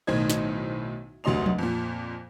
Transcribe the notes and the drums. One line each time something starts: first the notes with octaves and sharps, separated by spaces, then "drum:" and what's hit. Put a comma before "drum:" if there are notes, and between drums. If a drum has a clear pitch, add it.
B1 A2 D#3 C5 D#5 G#6
drum: snare
F1 D2 F#3 D#5 C6 F7
drum: tom F3
F2 A#2